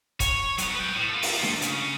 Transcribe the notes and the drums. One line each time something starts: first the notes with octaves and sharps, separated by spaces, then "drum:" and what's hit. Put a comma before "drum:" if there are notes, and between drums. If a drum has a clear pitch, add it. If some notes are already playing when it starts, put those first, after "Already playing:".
C#5, drum: kick, hi-hat
F#3 B3, drum: hi-hat
B4 G5
A2
F4 A4
drum: open hi-hat
drum: snare D4
C#3, drum: hi-hat